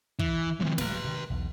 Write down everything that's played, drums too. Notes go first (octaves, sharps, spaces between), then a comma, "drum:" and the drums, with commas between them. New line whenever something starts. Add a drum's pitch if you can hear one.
E3, drum: kick
D#3 F3 G#3 B3 C4
D1 B4 A#5, drum: snare
C3 D#3
B1 E2